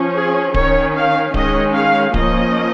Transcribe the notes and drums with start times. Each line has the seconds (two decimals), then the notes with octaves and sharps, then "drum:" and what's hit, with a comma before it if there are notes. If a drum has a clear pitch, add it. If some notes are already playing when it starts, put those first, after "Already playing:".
Already playing: F3 C#4
0.15 G#4
0.54 D#3 C#4 C#5, drum: kick D1
0.95 F5
1.34 D#3 G#3 C#4 D#5, drum: kick D1
1.75 F5
2.14 F3 A#3 C#4 D#5, drum: kick D1